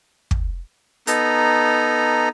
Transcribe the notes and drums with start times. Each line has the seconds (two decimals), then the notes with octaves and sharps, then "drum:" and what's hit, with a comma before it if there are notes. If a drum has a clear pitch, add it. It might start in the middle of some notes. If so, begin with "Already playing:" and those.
0.31 drum: kick
1.07 B3 D#4 A4 A#5, drum: hi-hat